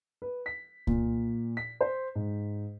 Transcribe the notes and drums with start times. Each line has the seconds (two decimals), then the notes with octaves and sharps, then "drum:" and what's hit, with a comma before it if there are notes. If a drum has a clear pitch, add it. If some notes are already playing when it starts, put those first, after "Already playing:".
0.22 B4
0.46 B6
0.87 A#2, drum: kick C2
1.57 B6
1.81 C5
2.15 G#2